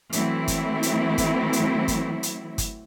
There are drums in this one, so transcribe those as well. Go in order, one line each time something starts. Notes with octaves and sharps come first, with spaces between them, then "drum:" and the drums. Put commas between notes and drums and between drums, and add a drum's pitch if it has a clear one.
E3 F#3 A3 C4 E4, drum: hi-hat
drum: kick, hi-hat
drum: hi-hat
drum: kick, hi-hat
drum: hi-hat
drum: kick, hi-hat
drum: hi-hat
drum: kick, hi-hat